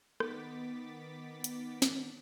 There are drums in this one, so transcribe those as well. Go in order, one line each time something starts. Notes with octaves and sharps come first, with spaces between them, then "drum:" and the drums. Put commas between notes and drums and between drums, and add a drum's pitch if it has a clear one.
D#3 B3 D6 A6 B6, drum: rim click
drum: hi-hat
drum: snare